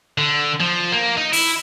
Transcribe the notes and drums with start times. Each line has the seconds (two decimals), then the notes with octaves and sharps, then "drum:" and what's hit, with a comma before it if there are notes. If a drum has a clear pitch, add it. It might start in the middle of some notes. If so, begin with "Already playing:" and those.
0.18 D3
0.60 F3
0.92 A#3
1.18 D#4
1.33 E4, drum: open hi-hat